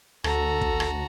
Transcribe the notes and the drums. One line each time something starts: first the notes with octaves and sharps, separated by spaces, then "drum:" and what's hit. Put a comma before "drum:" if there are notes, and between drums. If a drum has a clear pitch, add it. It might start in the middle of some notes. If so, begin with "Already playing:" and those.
D2 F#4 A4 A5 A#5, drum: rim click
drum: kick
drum: rim click